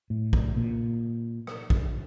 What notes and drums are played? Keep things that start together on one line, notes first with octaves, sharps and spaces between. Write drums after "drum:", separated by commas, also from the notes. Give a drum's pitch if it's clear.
A2
drum: kick
A#2
drum: rim click
drum: kick